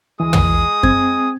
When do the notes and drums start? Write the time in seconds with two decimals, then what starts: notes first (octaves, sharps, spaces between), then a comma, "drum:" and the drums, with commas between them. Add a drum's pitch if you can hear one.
0.20 D2 E3 G#3 G#4 D#6
0.33 drum: tom
0.83 C4 G#6, drum: kick F#2